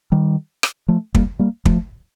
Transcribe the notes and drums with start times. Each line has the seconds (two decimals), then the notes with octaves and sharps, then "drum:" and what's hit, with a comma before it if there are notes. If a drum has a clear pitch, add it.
0.12 D#3 G3
0.63 drum: rim click
0.88 F3 A3
1.15 G3 A#3, drum: kick
1.39 G3 A#3
1.65 F3 A3, drum: kick